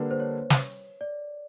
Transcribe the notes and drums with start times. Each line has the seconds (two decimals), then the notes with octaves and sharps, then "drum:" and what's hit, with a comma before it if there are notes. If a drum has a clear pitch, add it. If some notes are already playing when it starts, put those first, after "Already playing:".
Already playing: D3 G3 A#3 D4 B4
0.11 C5
0.20 C#5
0.50 drum: snare
1.01 D5